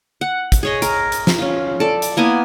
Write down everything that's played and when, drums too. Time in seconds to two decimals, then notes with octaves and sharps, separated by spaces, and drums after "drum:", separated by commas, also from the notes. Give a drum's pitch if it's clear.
0.21 F#5
0.52 drum: kick, hi-hat
0.63 G#4 C#5 D#5
0.82 A#4, drum: hi-hat
1.12 drum: hi-hat
1.27 drum: snare
1.38 C#4 F4
1.80 A4 D5
2.02 drum: hi-hat
2.17 A#3 B3 E4 G#5